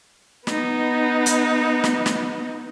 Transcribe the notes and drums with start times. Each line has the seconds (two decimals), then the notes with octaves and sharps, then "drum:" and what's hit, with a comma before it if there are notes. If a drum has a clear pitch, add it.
0.47 B3 D#4, drum: snare
1.26 drum: hi-hat
1.84 drum: snare
2.06 drum: snare